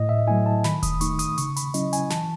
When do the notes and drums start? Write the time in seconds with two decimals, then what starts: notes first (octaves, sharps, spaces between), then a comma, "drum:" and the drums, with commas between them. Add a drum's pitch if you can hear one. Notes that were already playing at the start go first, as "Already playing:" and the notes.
Already playing: A2 D#5
0.09 E5
0.27 F#3 A3 E4 G#5
0.46 A5
0.64 D#3 B5, drum: snare
0.83 D#6, drum: kick E1, hi-hat
1.01 A3 D#4 C#6, drum: hi-hat
1.19 D#6, drum: hi-hat
1.38 C#3 C#6, drum: hi-hat
1.56 B5, drum: hi-hat
1.74 F#3 C#4 E4 D#5, drum: hi-hat
1.93 G#5, drum: hi-hat
2.10 E3 A5, drum: snare